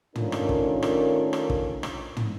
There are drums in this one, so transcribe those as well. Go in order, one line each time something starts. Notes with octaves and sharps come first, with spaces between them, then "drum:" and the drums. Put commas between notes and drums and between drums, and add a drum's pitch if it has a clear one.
D#3 A3 C#4 D4 F4 A#4, drum: tom
drum: rim click
drum: kick
drum: rim click
drum: rim click
drum: kick
drum: rim click
drum: tom